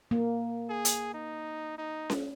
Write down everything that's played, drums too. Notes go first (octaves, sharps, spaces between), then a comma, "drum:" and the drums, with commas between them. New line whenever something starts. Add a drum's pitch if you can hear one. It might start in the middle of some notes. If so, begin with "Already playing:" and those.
A#3
G#4
drum: hi-hat
D#4
D#4
drum: snare C#4